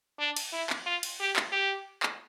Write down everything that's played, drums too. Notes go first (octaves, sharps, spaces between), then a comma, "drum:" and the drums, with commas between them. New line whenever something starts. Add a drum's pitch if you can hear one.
D4
drum: cymbal
E4
drum: clap
F4
drum: cymbal
G4
drum: clap
G4
drum: clap